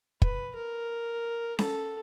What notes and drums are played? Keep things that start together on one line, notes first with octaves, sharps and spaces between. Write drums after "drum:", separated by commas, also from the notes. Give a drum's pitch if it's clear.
B4, drum: kick
A#4
A4, drum: snare C#4